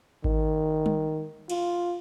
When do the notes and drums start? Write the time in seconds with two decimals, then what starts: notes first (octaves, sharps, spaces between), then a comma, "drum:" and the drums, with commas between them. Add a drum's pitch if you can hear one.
0.24 D#3, drum: kick G#1
0.86 drum: tom G3
1.50 F4, drum: cymbal